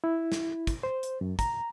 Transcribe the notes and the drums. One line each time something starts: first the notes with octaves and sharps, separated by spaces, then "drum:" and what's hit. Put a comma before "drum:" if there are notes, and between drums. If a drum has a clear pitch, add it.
E4
drum: snare
drum: kick, hi-hat
C5
drum: hi-hat
F#2
A#5, drum: kick, hi-hat